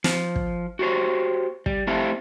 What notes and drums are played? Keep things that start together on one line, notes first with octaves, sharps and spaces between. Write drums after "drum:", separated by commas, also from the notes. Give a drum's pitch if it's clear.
F3, drum: snare
drum: kick
F#4 G4 A#4 C5 C#5
G3, drum: kick
A3 C4 E4 F4 G4 A4